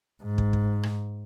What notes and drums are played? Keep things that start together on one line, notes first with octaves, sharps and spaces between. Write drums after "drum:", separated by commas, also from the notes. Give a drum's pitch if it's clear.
G#2
drum: kick
drum: kick
drum: rim click